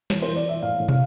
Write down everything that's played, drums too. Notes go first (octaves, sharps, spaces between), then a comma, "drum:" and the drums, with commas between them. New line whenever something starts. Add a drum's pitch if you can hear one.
E3 C#5, drum: snare
C5, drum: cymbal
E3
D5
E3 E5
A2 F5
A2
F5, drum: tom